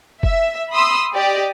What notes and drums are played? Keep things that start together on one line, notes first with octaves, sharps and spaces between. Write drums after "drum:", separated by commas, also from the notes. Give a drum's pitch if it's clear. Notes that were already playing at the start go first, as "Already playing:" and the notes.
E5, drum: kick F1
B5 C6 D#6 E6
G4 D5 D#5